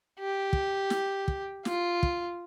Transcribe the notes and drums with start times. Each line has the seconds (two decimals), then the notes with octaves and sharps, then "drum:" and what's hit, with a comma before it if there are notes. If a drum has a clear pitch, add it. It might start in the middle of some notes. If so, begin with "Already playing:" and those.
0.20 G4
0.53 drum: kick
0.90 drum: snare
1.28 drum: kick
1.65 F4, drum: snare
2.03 drum: kick